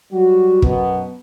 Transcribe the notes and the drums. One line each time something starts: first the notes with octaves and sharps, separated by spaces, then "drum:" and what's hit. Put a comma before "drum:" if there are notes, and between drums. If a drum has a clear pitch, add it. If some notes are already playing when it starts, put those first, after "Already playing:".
F#3 G3 F#4
F#2 B2 F#3 B3, drum: kick